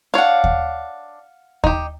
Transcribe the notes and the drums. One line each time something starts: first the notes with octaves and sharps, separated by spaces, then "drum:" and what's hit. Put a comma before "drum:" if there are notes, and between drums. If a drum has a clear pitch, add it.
D4 C#5 F5 F#5
drum: kick D#2
D#4 G4, drum: kick D#2